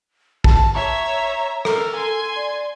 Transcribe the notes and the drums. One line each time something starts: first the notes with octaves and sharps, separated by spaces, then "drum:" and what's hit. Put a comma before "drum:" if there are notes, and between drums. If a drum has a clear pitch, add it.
A5, drum: kick A1
C#5 E5 A#5
A4 A#4, drum: rim click
G#5 C6
D5